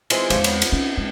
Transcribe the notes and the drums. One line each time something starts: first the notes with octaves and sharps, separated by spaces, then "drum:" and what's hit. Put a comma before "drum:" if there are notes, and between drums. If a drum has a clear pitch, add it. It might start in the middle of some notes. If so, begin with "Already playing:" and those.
E3 G#3 C4, drum: cymbal
E2 F3 G#3 G4 C#5, drum: cymbal
B3 C#5, drum: cymbal
drum: cymbal
C#4
G#3